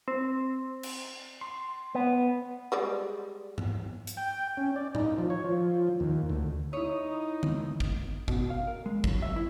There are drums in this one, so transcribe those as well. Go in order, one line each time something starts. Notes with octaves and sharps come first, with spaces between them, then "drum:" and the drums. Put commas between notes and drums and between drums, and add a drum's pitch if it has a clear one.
C4
drum: cymbal
C6
B3
G3 G#3 D5
drum: tom
drum: hi-hat
G5
C#4
D5
D#4, drum: tom A2
F3
C#5
F3
D#2
D2
D#4 E4 C#5 D#6
drum: tom
drum: kick
B2, drum: kick
F5
A#4
G#3
F#3, drum: kick
E5
E4